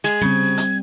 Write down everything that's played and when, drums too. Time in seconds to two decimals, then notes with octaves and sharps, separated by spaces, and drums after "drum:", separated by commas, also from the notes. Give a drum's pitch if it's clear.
0.04 G#3 G#6
0.22 C#3 G3 C4
0.58 drum: hi-hat